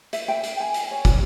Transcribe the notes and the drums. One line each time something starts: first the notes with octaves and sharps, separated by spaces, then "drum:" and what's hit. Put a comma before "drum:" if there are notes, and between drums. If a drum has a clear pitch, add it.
E5, drum: hi-hat
G5
drum: hi-hat
G#5
drum: hi-hat
C#5
drum: kick, hi-hat